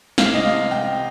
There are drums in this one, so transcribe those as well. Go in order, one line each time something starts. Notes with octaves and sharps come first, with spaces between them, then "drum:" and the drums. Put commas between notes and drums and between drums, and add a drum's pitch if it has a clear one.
C3 F5, drum: snare
D#5
C2 F5
C2 G5